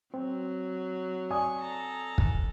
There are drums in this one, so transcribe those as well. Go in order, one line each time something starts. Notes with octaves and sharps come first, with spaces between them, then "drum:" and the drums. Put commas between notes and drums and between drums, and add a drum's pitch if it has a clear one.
F#3 C4
D5 G#5 C#6 D#6
A4 A#5
drum: kick